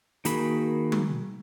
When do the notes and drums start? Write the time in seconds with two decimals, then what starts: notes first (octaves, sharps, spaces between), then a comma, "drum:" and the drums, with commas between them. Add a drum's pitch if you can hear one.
0.25 D#3 A#3 F#4 G#4 B5, drum: hi-hat
0.92 drum: tom